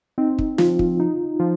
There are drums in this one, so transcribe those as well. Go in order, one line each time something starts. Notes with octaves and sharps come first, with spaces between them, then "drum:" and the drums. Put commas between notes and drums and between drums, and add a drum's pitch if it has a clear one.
C4 D#4
drum: kick
F3 F4, drum: snare
drum: kick
D#4
F3